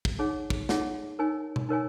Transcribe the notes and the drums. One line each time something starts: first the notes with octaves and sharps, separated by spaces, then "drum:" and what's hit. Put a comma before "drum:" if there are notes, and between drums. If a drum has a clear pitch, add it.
drum: kick
D#4 G#4 C#5 F#5
drum: kick
D#4 G#4 C#5 F#5, drum: snare
D#4 A#4 C#5 G#5
drum: tom B2
D#4 A#4 C#5 G#5